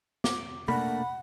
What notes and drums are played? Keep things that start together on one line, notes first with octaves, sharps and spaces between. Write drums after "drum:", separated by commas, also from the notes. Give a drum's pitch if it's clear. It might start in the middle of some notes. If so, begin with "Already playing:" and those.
D6, drum: snare
A3 A#3 D4 F#5 B5, drum: tom B2